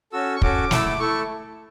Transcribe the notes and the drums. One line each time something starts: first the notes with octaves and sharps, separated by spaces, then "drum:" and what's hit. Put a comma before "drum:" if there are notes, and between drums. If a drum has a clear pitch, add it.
C#4 F#4 A4 E6
C#6
C#4 F#4 A4 D6, drum: kick
A3 E4 A4 E6, drum: snare
D6
A3 E4 A4 C#6